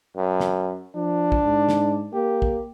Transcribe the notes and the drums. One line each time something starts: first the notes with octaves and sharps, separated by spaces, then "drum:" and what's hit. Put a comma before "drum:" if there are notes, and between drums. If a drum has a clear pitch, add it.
F#2
drum: snare
F3 D4
drum: kick
G#2
drum: snare
A#3 G4
drum: kick